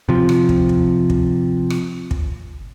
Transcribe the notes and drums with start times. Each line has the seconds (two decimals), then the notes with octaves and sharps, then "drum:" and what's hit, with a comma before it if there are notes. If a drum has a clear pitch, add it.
0.09 C3 F3
0.29 drum: rim click
0.49 drum: kick
0.69 drum: kick
1.10 drum: kick
1.70 drum: rim click
2.11 drum: kick